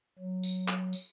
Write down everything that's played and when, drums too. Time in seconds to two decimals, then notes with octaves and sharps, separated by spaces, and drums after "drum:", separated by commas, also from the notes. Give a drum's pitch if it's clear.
0.19 F#3
0.43 drum: tambourine
0.68 drum: clap
0.93 drum: tambourine